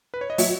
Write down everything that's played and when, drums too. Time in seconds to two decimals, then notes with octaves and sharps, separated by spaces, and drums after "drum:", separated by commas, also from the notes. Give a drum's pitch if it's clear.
0.14 B4
0.21 C#5
0.30 D#5
0.38 F#3 C#5 E5, drum: open hi-hat